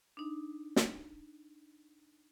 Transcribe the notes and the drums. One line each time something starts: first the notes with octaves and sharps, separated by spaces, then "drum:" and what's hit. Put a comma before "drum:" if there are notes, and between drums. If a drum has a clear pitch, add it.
D4 D#4
drum: snare